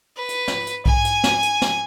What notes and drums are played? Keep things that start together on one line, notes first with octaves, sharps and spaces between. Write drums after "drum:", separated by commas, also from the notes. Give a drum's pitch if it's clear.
B4
drum: hi-hat
drum: snare
drum: hi-hat
G#5, drum: kick B1
drum: hi-hat
drum: snare
drum: hi-hat
drum: snare